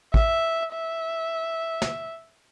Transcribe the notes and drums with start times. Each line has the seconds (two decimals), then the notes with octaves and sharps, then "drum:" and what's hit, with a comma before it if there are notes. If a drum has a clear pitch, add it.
0.14 E5, drum: kick
0.74 E5
1.82 drum: snare